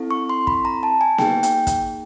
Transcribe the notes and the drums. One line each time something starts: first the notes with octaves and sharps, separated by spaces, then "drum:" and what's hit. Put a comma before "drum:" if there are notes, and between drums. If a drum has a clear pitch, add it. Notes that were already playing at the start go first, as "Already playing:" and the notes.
Already playing: C4 E4 A4
C#6
C6
B5, drum: kick
A#5
A5
G#5
A#3 D#4 G#4 G5, drum: snare B3
G5, drum: hi-hat
drum: kick, hi-hat